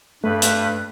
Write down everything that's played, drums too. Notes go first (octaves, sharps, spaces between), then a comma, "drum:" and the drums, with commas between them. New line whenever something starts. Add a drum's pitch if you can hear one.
G2 A3 B4
drum: hi-hat